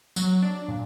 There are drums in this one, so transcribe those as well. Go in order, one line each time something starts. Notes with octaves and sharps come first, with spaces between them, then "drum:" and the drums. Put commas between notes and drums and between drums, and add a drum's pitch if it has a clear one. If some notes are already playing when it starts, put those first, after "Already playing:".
F#3, drum: tambourine
D4
A#2